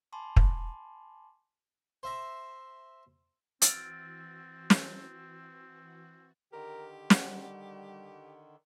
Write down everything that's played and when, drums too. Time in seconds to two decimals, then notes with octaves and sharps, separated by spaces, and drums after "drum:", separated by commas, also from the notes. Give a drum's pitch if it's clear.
0.12 G#5 A5 B5 C6 D6
0.36 drum: kick
2.03 C5 E5 A#5
3.62 E3 C4 F#4 E6 F6 A6 D7, drum: hi-hat
4.70 drum: snare
6.53 D3 D#3 G4 A#4
7.10 G3 F#5, drum: snare